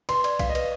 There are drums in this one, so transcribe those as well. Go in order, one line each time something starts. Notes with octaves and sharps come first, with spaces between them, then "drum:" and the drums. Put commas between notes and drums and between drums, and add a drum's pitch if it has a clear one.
B4 C6, drum: cymbal
D5, drum: cymbal
F5, drum: kick, cymbal
D#5
B4, drum: cymbal